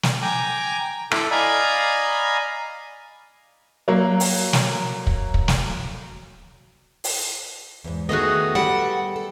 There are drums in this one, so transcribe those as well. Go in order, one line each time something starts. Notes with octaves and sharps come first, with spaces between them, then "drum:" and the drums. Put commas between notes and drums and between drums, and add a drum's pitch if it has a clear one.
drum: snare
G5 G#5 A#5 D6
E4 A4 B5 D6, drum: rim click
D5 D#5 F5 G#5 A#5 B5
F#3 A#3
drum: open hi-hat
drum: snare
drum: kick
drum: kick
drum: snare
drum: open hi-hat
E2 G#2
D#3 A3 B3 F#4 G#4 D#5
G3 A4 F#5
A4